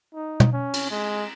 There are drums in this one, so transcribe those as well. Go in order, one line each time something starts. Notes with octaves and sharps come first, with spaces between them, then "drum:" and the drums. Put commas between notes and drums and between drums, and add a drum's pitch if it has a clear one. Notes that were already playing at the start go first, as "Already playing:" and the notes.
D#4
drum: tom
C#4
drum: cymbal
G#3